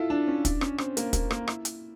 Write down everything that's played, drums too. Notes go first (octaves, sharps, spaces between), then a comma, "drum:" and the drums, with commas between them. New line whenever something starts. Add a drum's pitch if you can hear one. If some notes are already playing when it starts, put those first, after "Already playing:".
Already playing: E4 F4 A4
D4
C#4
D4, drum: kick, hi-hat
C#4, drum: rim click
C4, drum: rim click
A#3, drum: hi-hat
A#3, drum: kick, hi-hat
A#3, drum: rim click
E4, drum: rim click
drum: hi-hat